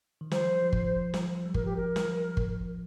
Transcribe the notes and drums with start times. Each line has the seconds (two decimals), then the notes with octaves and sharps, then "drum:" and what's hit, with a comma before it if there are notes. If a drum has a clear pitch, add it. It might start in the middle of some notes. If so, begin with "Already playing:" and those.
0.21 D#3
0.31 F3 C5, drum: snare
0.62 F3
0.72 drum: kick G1
1.14 drum: snare
1.46 G3
1.54 F3 A#4, drum: kick G1
1.65 G4
1.76 A#4
1.96 drum: snare
2.37 drum: kick G1